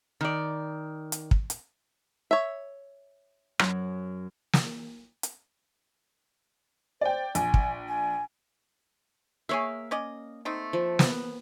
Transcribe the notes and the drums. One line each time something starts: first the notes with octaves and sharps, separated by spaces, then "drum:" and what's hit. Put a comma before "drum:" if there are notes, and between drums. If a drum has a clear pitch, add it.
D#3 D5
drum: hi-hat
drum: kick
drum: hi-hat
C#5 E5
F#2 F#3, drum: rim click
drum: snare
drum: hi-hat
C5 D5 G5
A#1 G#5, drum: hi-hat
drum: kick
G#5
A#3 G#4 C#5 E5 F5
C#4 D5 D#5
A3 C4 D#4
F3
B3, drum: snare